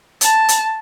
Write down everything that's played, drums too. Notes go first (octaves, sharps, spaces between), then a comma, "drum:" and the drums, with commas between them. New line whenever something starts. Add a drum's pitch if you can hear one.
A5, drum: hi-hat
drum: hi-hat